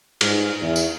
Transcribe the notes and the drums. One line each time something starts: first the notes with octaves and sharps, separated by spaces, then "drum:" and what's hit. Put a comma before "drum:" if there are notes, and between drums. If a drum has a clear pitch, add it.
G#2, drum: cymbal
E2
drum: tambourine